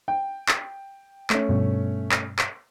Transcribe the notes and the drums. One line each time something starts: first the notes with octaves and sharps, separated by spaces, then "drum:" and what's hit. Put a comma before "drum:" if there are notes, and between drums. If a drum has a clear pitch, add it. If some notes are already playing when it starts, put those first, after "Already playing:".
G5
drum: clap
A3 C#4, drum: clap
G2 B2
drum: clap
drum: clap